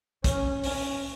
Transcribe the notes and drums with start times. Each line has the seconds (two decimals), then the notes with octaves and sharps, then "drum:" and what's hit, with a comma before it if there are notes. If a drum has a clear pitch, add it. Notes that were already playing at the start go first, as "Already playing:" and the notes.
0.24 C#4, drum: kick, hi-hat
0.64 C#4, drum: open hi-hat